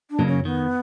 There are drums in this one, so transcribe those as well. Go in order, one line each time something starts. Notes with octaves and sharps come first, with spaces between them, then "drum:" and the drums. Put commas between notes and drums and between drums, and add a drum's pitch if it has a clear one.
D4
C#3 F#3 A#3, drum: tom
C#4
D#3 B3